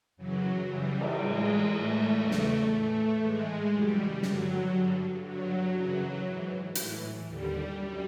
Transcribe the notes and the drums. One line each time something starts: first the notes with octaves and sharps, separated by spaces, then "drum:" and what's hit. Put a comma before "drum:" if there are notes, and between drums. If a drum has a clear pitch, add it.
F#2 C#3 E3 F#3
F#2 C#3 E3 G3
drum: cymbal
A2 E3 G#3
A2 E3 A3
E2 C#3 E3
drum: snare
A2 E3 A3
A2 E3 G#3
F#2 C#3 E3 G3
G2 D3 F#3, drum: snare
G2 D3
G2 D3 F#3
F#2 C#3 E3 F#3
G#2 E3
A2 E3, drum: hi-hat
D#2 D3 G3
F#2 G3